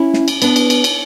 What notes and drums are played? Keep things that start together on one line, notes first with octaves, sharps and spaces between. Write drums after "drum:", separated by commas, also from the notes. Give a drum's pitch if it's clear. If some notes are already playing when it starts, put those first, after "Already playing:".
Already playing: C#4 E4
drum: snare
drum: cymbal
B3 D4, drum: cymbal
drum: cymbal
drum: cymbal
drum: cymbal